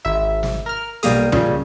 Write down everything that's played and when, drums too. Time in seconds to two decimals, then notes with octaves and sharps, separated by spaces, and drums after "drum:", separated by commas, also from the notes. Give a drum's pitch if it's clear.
0.05 G#1 E5
0.43 drum: snare
0.66 A#4 F6
1.03 B1 G3 A#3 D#6, drum: hi-hat
1.32 A#2 C#3 G3, drum: tom